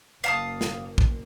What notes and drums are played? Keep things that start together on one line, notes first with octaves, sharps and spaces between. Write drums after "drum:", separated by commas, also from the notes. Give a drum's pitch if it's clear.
F#1 A#3 F5 A5 D#6
drum: snare
drum: kick